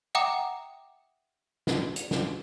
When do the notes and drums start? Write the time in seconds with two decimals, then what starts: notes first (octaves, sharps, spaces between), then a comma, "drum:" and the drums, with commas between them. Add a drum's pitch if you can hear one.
0.15 E5 F#5 G5 A#5 D6 D#6
1.67 drum: snare
1.96 drum: hi-hat
2.11 drum: snare